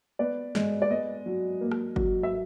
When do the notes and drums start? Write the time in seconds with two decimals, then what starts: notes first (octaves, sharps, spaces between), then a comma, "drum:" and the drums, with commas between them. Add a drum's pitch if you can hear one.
0.19 B3 D5
0.55 G#3, drum: snare
0.82 D5
0.90 B3 D#5
1.26 F#3
1.61 A#3
1.72 drum: rim click
1.96 F#3, drum: kick G1
2.23 E5